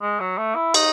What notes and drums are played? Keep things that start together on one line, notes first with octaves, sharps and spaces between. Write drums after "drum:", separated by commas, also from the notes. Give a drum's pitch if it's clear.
G#3
F#3
A3
E4
D#4, drum: cymbal